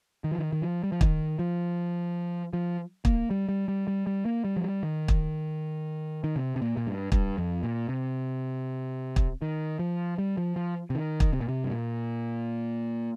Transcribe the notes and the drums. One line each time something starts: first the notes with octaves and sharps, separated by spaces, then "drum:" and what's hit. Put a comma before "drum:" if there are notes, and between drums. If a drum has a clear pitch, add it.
D#3
F3
D#3
D#3
F3
G3
F3
D#3, drum: kick
F3
F3
A#3, drum: kick
G3
G3
G3
G3
G3
A#3
G3
F3
G3
D#3
drum: kick
D#3
C3
C3
A#2
A#2
G2
G2, drum: kick
F2
A#2
C3
drum: kick
D#3
F3
G3
F3
F3
C3
D#3
drum: kick
C3
A#2
C3
G2
A#2